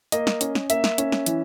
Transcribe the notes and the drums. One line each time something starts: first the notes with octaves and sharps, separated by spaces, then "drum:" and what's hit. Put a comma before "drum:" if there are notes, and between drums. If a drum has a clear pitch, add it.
A#3 D#5, drum: hi-hat
drum: snare
C#4, drum: hi-hat
drum: snare
A#3 E5, drum: hi-hat
drum: snare
C#4, drum: hi-hat
drum: snare
E3, drum: hi-hat